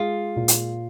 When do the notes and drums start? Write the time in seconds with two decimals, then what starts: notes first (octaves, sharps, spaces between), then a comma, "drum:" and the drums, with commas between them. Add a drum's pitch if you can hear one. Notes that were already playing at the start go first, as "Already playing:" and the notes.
Already playing: G#3 F4
0.36 A#2
0.48 drum: hi-hat